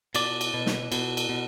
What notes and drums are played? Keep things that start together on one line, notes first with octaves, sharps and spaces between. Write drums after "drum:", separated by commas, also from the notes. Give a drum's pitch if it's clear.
B2 D5, drum: cymbal
drum: cymbal
B2
drum: snare
B2, drum: cymbal
drum: cymbal
B2